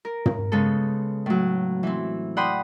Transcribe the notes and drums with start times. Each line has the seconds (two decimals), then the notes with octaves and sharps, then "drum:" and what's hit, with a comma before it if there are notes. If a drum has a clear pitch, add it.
0.05 A#4
0.26 drum: tom
0.52 C#3 G#3 B3 A4
1.26 A2 F#3
1.83 E3 C4
2.37 D5 F#5 G5 B5 C6 D#6